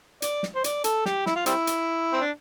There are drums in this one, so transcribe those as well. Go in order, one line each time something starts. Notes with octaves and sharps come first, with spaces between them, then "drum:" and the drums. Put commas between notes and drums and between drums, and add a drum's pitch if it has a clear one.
D5, drum: hi-hat
drum: snare
C5
D5, drum: hi-hat
A4, drum: hi-hat
G4, drum: snare
E4, drum: snare
F4
G3 C4 E4, drum: hi-hat
drum: hi-hat
C4
D4